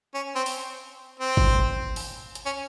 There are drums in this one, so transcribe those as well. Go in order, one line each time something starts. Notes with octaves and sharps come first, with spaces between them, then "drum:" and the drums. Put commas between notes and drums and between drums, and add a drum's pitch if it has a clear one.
C#4
C4
drum: open hi-hat
C4
drum: kick
drum: open hi-hat
drum: hi-hat
C#4